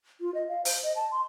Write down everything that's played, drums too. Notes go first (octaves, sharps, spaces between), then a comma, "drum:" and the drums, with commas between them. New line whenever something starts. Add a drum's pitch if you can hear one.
F4
D#5
F5
C5, drum: open hi-hat
D#5
A5
C6